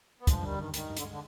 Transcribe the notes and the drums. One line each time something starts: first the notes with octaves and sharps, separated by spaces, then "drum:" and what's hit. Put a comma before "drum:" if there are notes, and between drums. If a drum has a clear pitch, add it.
B3
G2 F3 G#3, drum: kick, hi-hat
G#3
D3 D#3 G3
G2 D#3
D#3 G#3, drum: hi-hat
G2
D3, drum: hi-hat
G#3
D3